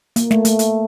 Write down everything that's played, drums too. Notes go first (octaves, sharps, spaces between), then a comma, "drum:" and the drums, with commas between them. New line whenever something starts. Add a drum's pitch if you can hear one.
A#3, drum: hi-hat
A3, drum: snare
A3, drum: hi-hat
drum: hi-hat